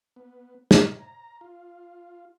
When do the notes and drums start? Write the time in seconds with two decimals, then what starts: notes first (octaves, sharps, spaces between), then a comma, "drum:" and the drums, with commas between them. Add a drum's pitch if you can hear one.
0.16 B3
0.71 A#3, drum: snare
0.99 A#5
1.41 F4